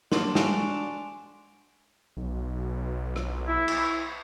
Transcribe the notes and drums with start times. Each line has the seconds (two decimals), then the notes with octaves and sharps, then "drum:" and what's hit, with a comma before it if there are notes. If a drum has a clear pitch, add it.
0.12 F#3 A#3 D4 C6, drum: snare
0.35 G#3 F#4 F5 G#5 D7 F7, drum: snare
2.17 B1
3.16 drum: rim click
3.47 E4
3.68 drum: cymbal